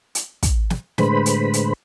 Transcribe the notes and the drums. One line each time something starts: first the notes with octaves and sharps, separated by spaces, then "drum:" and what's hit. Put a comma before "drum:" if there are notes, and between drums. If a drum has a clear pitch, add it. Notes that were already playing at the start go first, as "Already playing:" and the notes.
drum: hi-hat
drum: kick, hi-hat
drum: snare
A2 D3 G#3 B4 C5 B5, drum: snare
drum: hi-hat
drum: hi-hat